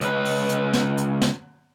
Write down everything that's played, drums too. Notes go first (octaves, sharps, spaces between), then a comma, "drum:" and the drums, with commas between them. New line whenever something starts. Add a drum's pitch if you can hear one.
C#2 B4, drum: hi-hat
drum: open hi-hat
drum: hi-hat
drum: snare
drum: hi-hat
drum: snare